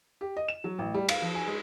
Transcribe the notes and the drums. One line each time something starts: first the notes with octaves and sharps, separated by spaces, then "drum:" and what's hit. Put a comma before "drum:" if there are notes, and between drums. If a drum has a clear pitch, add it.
G4
D#5
E7
F#3
A1
G3
F5, drum: cymbal
F3
G#5
G#3